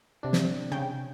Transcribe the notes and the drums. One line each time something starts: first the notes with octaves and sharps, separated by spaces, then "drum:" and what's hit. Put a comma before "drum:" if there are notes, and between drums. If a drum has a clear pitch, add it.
C3 D4
drum: snare
C#3 G5